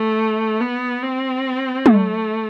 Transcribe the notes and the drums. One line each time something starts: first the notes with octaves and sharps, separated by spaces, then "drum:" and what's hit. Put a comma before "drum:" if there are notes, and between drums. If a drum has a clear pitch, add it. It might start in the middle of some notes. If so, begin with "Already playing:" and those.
Already playing: A3
B3
C4
A3, drum: tom